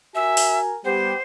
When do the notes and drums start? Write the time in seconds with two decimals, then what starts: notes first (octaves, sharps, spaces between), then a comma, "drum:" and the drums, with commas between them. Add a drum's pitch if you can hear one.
0.15 F#4 A#4 E5 G#5
0.37 drum: open hi-hat
0.85 G3 B3 G4 C5